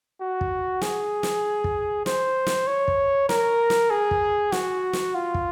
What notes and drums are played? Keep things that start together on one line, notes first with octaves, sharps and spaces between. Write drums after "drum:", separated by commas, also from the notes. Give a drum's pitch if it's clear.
F#4
drum: kick
G#4, drum: snare
drum: snare
drum: kick
C5, drum: snare
drum: snare
C#5
drum: kick
A#4, drum: snare
drum: snare
G#4
drum: kick
F#4, drum: snare
drum: snare
F4
drum: kick